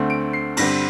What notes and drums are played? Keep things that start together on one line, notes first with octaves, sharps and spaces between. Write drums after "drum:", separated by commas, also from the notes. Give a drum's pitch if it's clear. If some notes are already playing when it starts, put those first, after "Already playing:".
Already playing: D2 D3 A3 C4
D7
C7
G2 D3 G3 C4 A#6, drum: cymbal